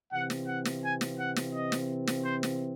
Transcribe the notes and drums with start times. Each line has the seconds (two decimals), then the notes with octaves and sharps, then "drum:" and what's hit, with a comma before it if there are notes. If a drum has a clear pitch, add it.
0.12 C3 E3 C4 F#5
0.30 drum: snare
0.47 F#5
0.65 drum: snare
0.83 G#5
1.01 drum: snare
1.19 F#5
1.36 drum: snare
1.54 D#5
1.72 drum: snare
2.07 drum: snare
2.25 C5
2.43 drum: snare